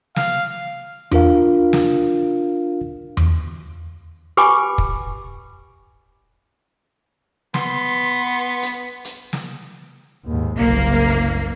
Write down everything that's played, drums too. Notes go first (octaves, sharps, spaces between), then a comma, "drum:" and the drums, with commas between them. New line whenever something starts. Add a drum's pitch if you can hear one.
F5, drum: snare
D4 F4 A#4 F5, drum: tom E2
drum: snare
drum: tom E2
G4 B4 G5 G#5 B5 D6
drum: kick
B3 C6, drum: snare
drum: hi-hat
drum: hi-hat
drum: snare
D#2 G#2
F#1 C2 A#3